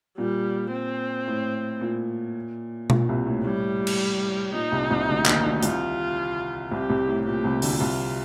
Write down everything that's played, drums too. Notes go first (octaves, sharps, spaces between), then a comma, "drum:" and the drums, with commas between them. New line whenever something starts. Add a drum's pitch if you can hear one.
A#2 G3
C4
A2
A#2
A#2, drum: tom B2
C2 C3
A2
A2 G3
drum: cymbal
A#2 D#4
C2 C3
C2 C3
D2 D3
D#2 D#3, drum: clap
D2 D3
C2 C3 F4, drum: hi-hat
C2 C3 G4
C2 C3
A2
A#2 G4
C2 C3
D2 D3, drum: open hi-hat
C2 C3 F4